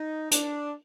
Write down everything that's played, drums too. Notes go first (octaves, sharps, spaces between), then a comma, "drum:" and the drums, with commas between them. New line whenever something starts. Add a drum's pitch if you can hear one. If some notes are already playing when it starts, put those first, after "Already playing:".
Already playing: D#4
D4, drum: hi-hat